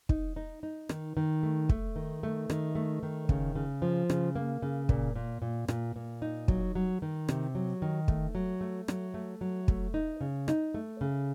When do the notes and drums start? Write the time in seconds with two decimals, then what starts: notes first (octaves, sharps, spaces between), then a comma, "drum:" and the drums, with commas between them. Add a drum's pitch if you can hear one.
0.09 D#4, drum: kick
0.36 D#4
0.63 D#4
0.89 D#3, drum: rim click
1.17 D#3
1.43 A3
1.69 A3, drum: kick
1.96 D#3
2.23 A3
2.50 D#3, drum: rim click
2.75 A3
3.03 D#3
3.29 C#3, drum: kick
3.55 C#3
3.82 F3
4.10 C#3, drum: rim click
4.36 A#3
4.62 C#3
4.89 A#2, drum: kick
5.15 A#2
5.42 A#2
5.68 A#2, drum: rim click
5.96 A#2
6.22 D#4
6.48 F#3, drum: kick
6.75 F#3
7.02 D#3
7.29 C3, drum: rim click
7.55 F#3
7.82 D#3
8.08 A3, drum: kick
8.35 F#3
8.61 A3
8.88 F#3, drum: rim click
9.14 A3
9.41 F#3
9.68 A3, drum: kick
9.94 D#4
10.21 C#3
10.48 D#4, drum: rim click
10.74 A3
11.01 C#3